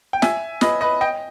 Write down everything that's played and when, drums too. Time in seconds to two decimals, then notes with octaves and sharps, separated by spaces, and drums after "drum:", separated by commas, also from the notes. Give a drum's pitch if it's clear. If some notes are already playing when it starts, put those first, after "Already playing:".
0.13 G5
0.22 E5 G#5, drum: snare
0.61 B4 D#5, drum: snare
0.81 B4 D#5
1.01 D#5 G5